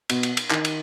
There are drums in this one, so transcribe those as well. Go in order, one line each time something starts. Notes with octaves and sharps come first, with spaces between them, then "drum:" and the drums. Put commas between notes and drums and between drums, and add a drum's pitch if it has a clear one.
B2, drum: cymbal
drum: cymbal
drum: cymbal
D#3, drum: clap
drum: cymbal